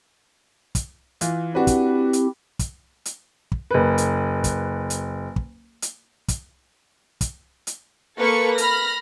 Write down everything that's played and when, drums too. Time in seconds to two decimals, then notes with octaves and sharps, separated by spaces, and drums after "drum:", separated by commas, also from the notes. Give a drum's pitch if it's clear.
0.75 drum: kick, hi-hat
1.21 E3 F4, drum: hi-hat
1.55 C4 D4 E4 F#4 G4 B4
1.67 drum: kick, hi-hat
2.13 drum: hi-hat
2.59 drum: kick, hi-hat
3.05 drum: hi-hat
3.52 drum: kick
3.71 F#1 B4
3.98 drum: hi-hat
4.44 drum: kick, hi-hat
4.90 drum: hi-hat
5.36 drum: kick
5.82 drum: hi-hat
6.28 drum: kick, hi-hat
7.21 drum: kick, hi-hat
7.67 drum: hi-hat
8.16 A#3 A4 B4 C#6 C#7
8.58 B5 F6 A#6, drum: hi-hat